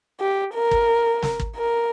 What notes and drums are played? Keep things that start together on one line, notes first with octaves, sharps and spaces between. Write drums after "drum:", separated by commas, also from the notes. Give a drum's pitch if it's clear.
G4
A#4
drum: kick
drum: snare
drum: kick
A#4